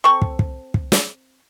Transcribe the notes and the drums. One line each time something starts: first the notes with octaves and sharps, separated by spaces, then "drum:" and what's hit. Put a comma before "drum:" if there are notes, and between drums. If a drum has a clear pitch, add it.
C4 A4 C#6
drum: kick
drum: kick
drum: kick
drum: snare